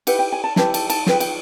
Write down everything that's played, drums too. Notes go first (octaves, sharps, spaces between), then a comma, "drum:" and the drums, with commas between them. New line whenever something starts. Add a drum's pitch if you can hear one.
E4 G4 B4 F#5, drum: cymbal
G5
G#5
A5
E4 G4 B4 A5, drum: snare
A5, drum: cymbal
A5, drum: cymbal
F4 G#4 B4 G5, drum: snare
G5, drum: cymbal